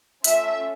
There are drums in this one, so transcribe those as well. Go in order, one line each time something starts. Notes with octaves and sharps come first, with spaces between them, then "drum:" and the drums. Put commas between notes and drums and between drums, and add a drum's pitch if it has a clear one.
A3 C#4 F4 E5, drum: hi-hat